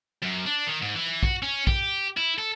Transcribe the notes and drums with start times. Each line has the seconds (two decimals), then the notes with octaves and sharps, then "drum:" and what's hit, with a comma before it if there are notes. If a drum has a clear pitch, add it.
0.22 F#2
0.46 D4
0.67 D#3
0.82 G#2
0.95 E3
1.23 F#4, drum: kick A#1
1.43 C#4
1.67 G4, drum: kick A#1
2.17 E4
2.38 A4